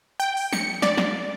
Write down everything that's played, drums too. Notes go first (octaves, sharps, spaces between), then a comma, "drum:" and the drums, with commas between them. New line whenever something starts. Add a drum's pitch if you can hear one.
G5
drum: open hi-hat
C#7, drum: snare
D5, drum: snare
drum: snare